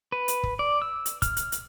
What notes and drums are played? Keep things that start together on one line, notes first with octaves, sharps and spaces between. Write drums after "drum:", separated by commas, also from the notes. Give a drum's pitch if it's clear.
B4
drum: hi-hat
drum: kick
D5
E6
drum: hi-hat
F6, drum: kick, hi-hat
drum: hi-hat
drum: hi-hat